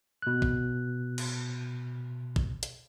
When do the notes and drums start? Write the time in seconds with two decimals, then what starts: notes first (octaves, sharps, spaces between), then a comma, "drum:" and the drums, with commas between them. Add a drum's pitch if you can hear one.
0.22 B2 F#6
0.42 drum: kick
1.18 drum: cymbal
2.36 drum: kick
2.63 drum: hi-hat